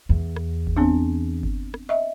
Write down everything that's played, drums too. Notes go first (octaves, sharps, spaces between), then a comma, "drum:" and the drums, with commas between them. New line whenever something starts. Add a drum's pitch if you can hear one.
E2
drum: rim click
drum: kick G1
B3 C4 D4
drum: kick G1
drum: rim click
D#5 E5